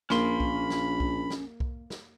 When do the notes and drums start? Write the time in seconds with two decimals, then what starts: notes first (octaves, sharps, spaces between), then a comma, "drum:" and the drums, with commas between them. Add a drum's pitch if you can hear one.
0.10 A#1 A#3 C#4 B5 C6, drum: snare
0.40 drum: kick B1
0.70 drum: snare
1.00 drum: kick B1
1.30 drum: snare
1.60 drum: kick B1
1.90 drum: snare